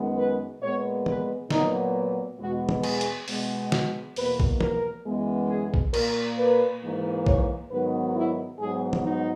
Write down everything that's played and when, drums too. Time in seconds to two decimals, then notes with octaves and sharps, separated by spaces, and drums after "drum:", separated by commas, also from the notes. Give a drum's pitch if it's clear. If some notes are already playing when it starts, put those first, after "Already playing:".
Already playing: F#2 D#3 G#3 B3
0.17 B4
0.62 A#2 G#3 B3 C#5
1.06 B4, drum: tom
1.50 A#2 F#3 B3 D#4, drum: snare
2.39 E2 B2 G#3 B3 F#4
2.69 drum: tom
2.84 G#4, drum: cymbal
3.01 drum: hi-hat
3.28 B2 G#3 B3, drum: open hi-hat
3.72 F#4, drum: snare
4.16 E2 B2 A#3 B4, drum: open hi-hat
4.40 drum: kick
4.61 A#4, drum: tom
5.05 F#2 E3 G#3 B3
5.49 G#4
5.74 drum: kick
5.94 A#2 A#3 A#4, drum: cymbal
6.38 B4
6.82 G#2 E3 A#3
7.26 C#5, drum: kick
7.71 G#2 D#3 F#3 B3 B4
8.15 E4
8.60 G#2 F#3 B3 G#4
8.93 drum: tom
9.04 D#4